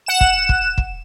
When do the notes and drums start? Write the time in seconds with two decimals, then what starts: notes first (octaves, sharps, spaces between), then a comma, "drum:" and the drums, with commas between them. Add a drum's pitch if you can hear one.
0.06 F#5 E7
0.21 drum: kick
0.49 drum: kick
0.78 drum: kick